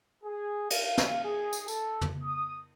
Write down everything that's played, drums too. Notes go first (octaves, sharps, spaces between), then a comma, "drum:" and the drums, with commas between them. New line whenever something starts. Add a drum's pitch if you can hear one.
G#4
F5, drum: cymbal
drum: snare
G#4
drum: tambourine
A4, drum: tambourine
drum: tom
D#6